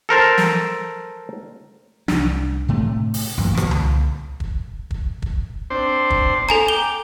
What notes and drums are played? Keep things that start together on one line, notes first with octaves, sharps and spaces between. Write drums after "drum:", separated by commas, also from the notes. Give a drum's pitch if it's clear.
A4 A#4 C5 A5
drum: snare
C2 D4, drum: snare
A2 C3 A3
drum: open hi-hat
A1 G2 F#3 A#3
C2 A#2 D3 E3, drum: rim click
drum: tom C#2
drum: kick
drum: kick
drum: kick
C4 D4 C5
drum: kick
A4 G#5 A#5
G5 D6 G7